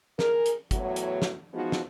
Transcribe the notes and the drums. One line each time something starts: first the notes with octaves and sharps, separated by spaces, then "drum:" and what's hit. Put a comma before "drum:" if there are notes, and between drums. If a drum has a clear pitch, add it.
G#4 A#4, drum: snare
drum: hi-hat
E2 A2 F#3, drum: kick, hi-hat
drum: hi-hat
drum: snare
E3 F3 G#3 B3 D#4 F#4
drum: snare